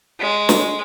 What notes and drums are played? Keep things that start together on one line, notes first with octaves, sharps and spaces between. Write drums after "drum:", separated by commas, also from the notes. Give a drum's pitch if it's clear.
G#3
drum: snare